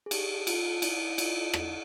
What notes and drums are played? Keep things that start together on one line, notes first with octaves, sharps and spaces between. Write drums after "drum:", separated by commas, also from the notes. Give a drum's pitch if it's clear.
G#4
G4, drum: cymbal
F4, drum: cymbal
E4, drum: cymbal
E4
F4, drum: cymbal
E4, drum: rim click